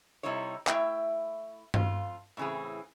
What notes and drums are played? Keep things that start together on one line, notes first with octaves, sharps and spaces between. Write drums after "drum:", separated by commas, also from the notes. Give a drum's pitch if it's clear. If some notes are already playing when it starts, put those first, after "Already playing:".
C3 G3 D#4 E4 C#5
A3 E4 E5 G5, drum: clap
F2 F4, drum: tom G2
A2 C#3 E3 C4 G#4